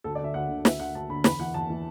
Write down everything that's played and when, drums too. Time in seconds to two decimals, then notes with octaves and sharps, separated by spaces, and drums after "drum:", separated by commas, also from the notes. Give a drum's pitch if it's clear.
0.04 D2 A4
0.15 D5
0.20 D3 E5
0.34 D2 F#5
0.49 D3
0.65 D2 E5, drum: snare
0.79 D3 F#5
0.95 D2 A5
1.10 D3 B5
1.24 E2 B5, drum: snare
1.39 E3 F#5
1.54 E2 A5
1.70 E3